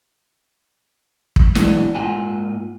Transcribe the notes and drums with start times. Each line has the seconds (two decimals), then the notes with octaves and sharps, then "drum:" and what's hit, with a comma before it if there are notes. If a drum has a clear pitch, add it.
1.36 drum: kick
1.55 B2 E3 F#3 G#3 B3 D4, drum: snare
1.95 G#2 A#3 F4 F#5 G#5